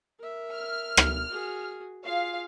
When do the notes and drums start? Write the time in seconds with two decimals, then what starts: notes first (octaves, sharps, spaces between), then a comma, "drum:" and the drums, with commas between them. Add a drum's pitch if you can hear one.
0.19 A#4 E5
0.53 F6
0.97 drum: rim click
1.29 F#4 G#4
2.05 F4 G#4 F5